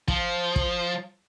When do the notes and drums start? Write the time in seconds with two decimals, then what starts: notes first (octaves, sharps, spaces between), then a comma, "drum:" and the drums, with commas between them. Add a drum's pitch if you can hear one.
0.08 F3, drum: kick
0.56 drum: kick